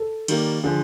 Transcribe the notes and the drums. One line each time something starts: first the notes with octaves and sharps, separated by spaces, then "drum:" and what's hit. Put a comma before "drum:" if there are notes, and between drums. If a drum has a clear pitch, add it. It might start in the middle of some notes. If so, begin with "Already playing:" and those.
Already playing: A4
D#3 G3 A#3, drum: cymbal
D3 F3 G#4